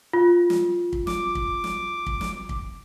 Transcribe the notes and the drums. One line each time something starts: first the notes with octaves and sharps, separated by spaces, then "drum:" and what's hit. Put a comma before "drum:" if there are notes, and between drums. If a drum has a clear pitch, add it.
F4
drum: snare
drum: kick
D6, drum: snare
drum: kick
drum: snare
drum: kick
drum: snare
drum: kick